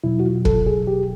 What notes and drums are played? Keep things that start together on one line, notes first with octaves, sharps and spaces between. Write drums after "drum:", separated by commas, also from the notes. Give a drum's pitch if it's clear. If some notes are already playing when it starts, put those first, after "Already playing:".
E2 B2 F#3 E4
F#4
F4
A4, drum: kick
G#4
G4